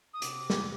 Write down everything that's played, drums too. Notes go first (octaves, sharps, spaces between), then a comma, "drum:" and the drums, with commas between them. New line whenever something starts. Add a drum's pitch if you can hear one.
D#6
C3 D6, drum: hi-hat
drum: snare